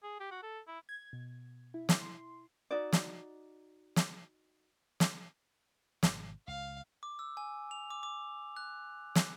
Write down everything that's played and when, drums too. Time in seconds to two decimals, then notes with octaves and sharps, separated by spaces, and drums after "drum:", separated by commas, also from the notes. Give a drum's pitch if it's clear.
0.03 G#4
0.20 G4
0.31 F#4
0.43 A4
0.68 E4
0.89 G#6
1.13 B2
1.74 E4
1.89 drum: snare
2.01 C6
2.71 D#4 F#4 D5
2.93 drum: snare
3.96 drum: snare
5.00 drum: snare
6.03 G#1 B2, drum: snare
6.48 C#2 F5
7.03 D6
7.19 E6
7.37 G#5
7.71 F7
7.90 D6
8.03 D6
8.57 F#6
9.15 drum: snare